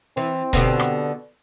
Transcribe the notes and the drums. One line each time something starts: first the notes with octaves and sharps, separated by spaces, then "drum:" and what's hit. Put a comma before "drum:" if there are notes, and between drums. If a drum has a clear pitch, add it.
E3 C4
B2 D3 G4, drum: kick, hi-hat
drum: rim click